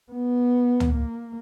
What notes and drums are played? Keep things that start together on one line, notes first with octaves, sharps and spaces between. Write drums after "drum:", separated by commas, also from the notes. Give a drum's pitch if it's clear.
B3
drum: tom
A#3